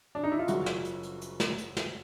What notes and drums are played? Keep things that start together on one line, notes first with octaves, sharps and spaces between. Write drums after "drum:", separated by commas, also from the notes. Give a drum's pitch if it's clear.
D4
D#4
E4
F4
F#1 F#2 C#3 F3 F#4, drum: hi-hat
drum: snare
drum: hi-hat
drum: hi-hat
drum: hi-hat
drum: snare
drum: hi-hat
drum: snare